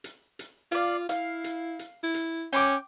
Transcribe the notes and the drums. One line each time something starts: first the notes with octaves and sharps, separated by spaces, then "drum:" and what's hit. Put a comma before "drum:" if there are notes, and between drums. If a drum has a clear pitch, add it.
drum: hi-hat
drum: hi-hat
F4 D5 F5, drum: hi-hat
E4 F5, drum: hi-hat
drum: hi-hat
drum: hi-hat
E4
drum: hi-hat
C#4 G5 C6 D6